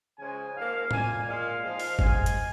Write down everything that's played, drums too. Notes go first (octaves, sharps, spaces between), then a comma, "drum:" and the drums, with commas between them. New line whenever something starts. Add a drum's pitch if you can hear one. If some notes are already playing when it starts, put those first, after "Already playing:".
C#3 F3 G#3 G#5
G#2 F3 A#3 F5
A#2 A#3 G#5, drum: tom A2
A#2 G#3 F5
G#2 F3 G#3
drum: open hi-hat
G#2 G#3 G#5, drum: kick F#1
drum: hi-hat